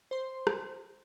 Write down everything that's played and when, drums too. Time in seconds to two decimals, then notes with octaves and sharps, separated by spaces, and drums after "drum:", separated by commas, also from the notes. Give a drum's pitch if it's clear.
0.11 C5 C6
0.47 drum: rim click